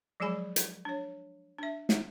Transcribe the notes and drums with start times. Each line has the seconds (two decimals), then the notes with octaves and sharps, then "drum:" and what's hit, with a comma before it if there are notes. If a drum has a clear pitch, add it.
0.20 F3 F#3 G#3 G#4 G#5 B5
0.56 drum: hi-hat
0.85 D4 C#5
1.58 D4 E5
1.89 drum: snare